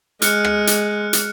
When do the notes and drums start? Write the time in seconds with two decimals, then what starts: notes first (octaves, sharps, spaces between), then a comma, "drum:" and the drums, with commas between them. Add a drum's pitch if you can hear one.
0.22 G#3 F6 F#6 C#7, drum: hi-hat
0.45 drum: rim click
0.67 drum: hi-hat
1.13 drum: hi-hat